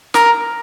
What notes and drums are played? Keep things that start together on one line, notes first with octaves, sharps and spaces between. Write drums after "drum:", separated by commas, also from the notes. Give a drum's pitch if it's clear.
A#4, drum: snare